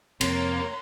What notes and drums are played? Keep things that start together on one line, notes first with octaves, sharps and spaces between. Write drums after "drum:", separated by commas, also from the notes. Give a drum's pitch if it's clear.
F2 C3 A#3 C#5 A#5 C6, drum: cymbal